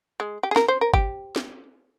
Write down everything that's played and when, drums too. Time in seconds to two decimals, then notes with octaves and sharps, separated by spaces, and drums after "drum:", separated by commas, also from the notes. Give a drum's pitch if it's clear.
0.20 G#3
0.43 G4
0.51 G#4
0.56 A#4, drum: snare
0.68 C5
0.81 A#4
0.94 G4, drum: kick
1.36 drum: snare